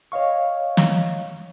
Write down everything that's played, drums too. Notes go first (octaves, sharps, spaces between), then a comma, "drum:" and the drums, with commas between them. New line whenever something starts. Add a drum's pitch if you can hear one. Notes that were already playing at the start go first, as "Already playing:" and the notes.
C#5 D#5 F5 C#6
drum: snare